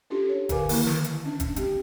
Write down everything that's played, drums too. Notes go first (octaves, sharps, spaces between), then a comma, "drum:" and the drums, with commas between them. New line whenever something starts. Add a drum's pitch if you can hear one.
C#4 D4 F4 G4 A4
C#5
D3 A#4 B4 F5 G#5 D6, drum: kick, hi-hat
D#3 A#3 E4 C#6, drum: open hi-hat
drum: snare
drum: hi-hat
C#4 D4
drum: kick, hi-hat
G#3 C4 D4 G4, drum: hi-hat